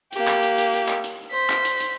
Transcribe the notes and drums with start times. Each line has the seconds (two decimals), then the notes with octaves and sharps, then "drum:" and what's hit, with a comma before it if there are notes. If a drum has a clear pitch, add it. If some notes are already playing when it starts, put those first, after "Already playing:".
0.12 A#3 G4, drum: hi-hat
0.28 drum: clap
0.43 drum: hi-hat
0.58 drum: hi-hat
0.73 drum: hi-hat
0.89 drum: clap
1.04 drum: hi-hat
1.31 C5 B6
1.50 drum: clap
1.65 drum: hi-hat
1.80 drum: hi-hat